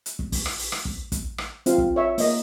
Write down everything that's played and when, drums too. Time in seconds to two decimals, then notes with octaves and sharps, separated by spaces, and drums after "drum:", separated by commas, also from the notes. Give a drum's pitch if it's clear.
0.06 drum: hi-hat
0.19 drum: kick
0.32 drum: kick, open hi-hat
0.46 drum: rim click
0.59 drum: open hi-hat
0.72 drum: rim click
0.85 drum: kick
1.12 drum: kick, hi-hat
1.38 drum: rim click
1.66 C4 F4 F5, drum: hi-hat
1.78 drum: kick
1.96 C#5 E5
2.18 A#3 D#5, drum: open hi-hat